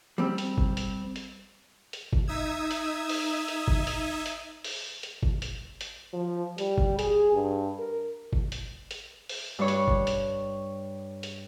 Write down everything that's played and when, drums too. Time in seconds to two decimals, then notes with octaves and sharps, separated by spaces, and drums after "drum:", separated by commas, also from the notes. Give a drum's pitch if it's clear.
0.18 G3 C4
0.38 drum: hi-hat
0.58 drum: kick G1
0.77 drum: hi-hat
1.16 drum: hi-hat
1.93 drum: hi-hat
2.13 drum: kick G1
2.28 D#4 E5 D#6 E6 G#6
2.71 drum: hi-hat
3.09 drum: open hi-hat
3.48 drum: hi-hat
3.68 drum: kick G1
3.87 drum: hi-hat
4.26 drum: hi-hat
4.64 drum: open hi-hat
5.03 drum: hi-hat
5.23 drum: kick G1
5.42 drum: hi-hat
5.81 drum: hi-hat
6.13 F3
6.58 G3, drum: hi-hat
6.78 drum: kick G1
6.99 G#4, drum: hi-hat
7.33 G2
7.79 A#4
8.33 drum: kick G1
8.52 drum: hi-hat
8.91 drum: hi-hat
9.29 drum: open hi-hat
9.59 G2 C#5
9.68 drum: hi-hat
9.88 drum: kick G1
10.07 drum: hi-hat
11.23 drum: hi-hat